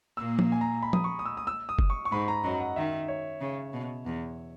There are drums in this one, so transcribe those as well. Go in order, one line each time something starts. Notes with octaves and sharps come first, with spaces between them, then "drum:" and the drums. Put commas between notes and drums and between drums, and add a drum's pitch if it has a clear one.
A#2 A#3 E6
drum: tom F3
G#5
A#5
B5
D#6, drum: tom F3
C#6
D#6
E6
D#6
E6
D#6
drum: kick F#1
C#6
C#6
G#2 G#3 B5
A#5
F#2 F#3 D#5
F#5
D#3 E5
C#5
C#3
B2
E2